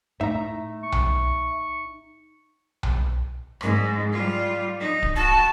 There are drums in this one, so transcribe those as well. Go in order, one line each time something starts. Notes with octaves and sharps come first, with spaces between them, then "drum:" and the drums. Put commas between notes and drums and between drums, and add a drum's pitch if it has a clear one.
A2 A3 D#4 E5 A#5
C#6
drum: tom B1
drum: tom B1
G#2, drum: rim click
G3 F4
D#4
drum: kick D1
F#4 A5